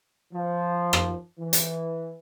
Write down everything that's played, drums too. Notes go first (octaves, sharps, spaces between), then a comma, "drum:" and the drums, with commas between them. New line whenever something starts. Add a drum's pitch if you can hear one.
F3
drum: rim click
E3
drum: hi-hat